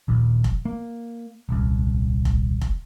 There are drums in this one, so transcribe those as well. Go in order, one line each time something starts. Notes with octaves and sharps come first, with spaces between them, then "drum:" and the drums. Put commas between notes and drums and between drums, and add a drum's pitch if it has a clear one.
D#1 A#1
drum: kick F1
A#3
D#1 C2
drum: kick F1
drum: kick F1